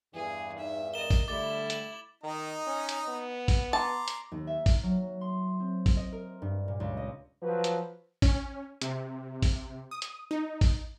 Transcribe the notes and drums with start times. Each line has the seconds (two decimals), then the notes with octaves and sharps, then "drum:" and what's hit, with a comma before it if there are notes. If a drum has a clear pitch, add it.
0.14 E2 G2 E3 G#4
0.58 D#4 E5
0.94 A#4 D5 D#5 E7 G7
1.10 drum: kick G#1, open hi-hat
1.28 D3 G3 A3 E4 D6 A6 G7
1.70 F#7, drum: hi-hat
2.24 D#3 D#4 D#5 A#5
2.67 C#4
2.89 drum: hi-hat
3.09 B3
3.48 drum: kick G#1, open hi-hat
3.73 A5 A#5 C6 D6
4.08 drum: hi-hat
4.32 D#2
4.47 E5
4.66 F6, drum: kick G#1, open hi-hat
4.83 F#3
5.21 C6
5.60 C4
5.86 drum: kick G#1, open hi-hat
5.97 D#5
6.12 A#4
6.42 G2
6.68 A#2
6.80 C#2
6.97 D#5
7.42 F3 F#3 B4
7.64 drum: hi-hat
8.22 C#4, drum: kick G#1, open hi-hat
8.81 C3, drum: hi-hat
9.42 drum: kick G#1, open hi-hat
9.91 D#6
10.02 drum: hi-hat
10.31 D#4
10.61 drum: kick G#1, open hi-hat